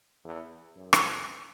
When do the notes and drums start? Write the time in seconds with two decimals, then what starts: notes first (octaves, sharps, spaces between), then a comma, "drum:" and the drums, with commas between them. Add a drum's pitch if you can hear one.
0.24 E2
0.76 F#2
0.93 drum: rim click